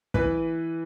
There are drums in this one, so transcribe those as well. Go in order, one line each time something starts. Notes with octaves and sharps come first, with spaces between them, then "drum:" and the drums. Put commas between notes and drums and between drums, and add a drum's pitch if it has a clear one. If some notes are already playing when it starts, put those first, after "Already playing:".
E3 B4, drum: kick